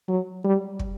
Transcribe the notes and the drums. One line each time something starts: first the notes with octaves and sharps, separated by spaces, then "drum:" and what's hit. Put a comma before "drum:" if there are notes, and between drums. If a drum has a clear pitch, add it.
F#3
G3
drum: kick